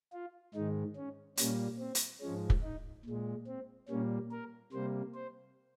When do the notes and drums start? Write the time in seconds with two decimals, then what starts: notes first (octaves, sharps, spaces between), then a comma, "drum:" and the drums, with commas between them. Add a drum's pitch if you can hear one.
0.13 F4
0.54 G#2 D#3 G#3 D#4
0.96 C#4
1.37 A#2 G3 A#3 C#4, drum: hi-hat
1.79 C4
1.95 drum: hi-hat
2.21 G#2 F3 G#3 C#4
2.50 drum: kick
2.63 D#4
3.05 A#2 G#3
3.47 C4
3.88 A#2 G3 A#3 C#4
4.31 A#4
4.72 C3 G3 A#3 C5
5.14 C5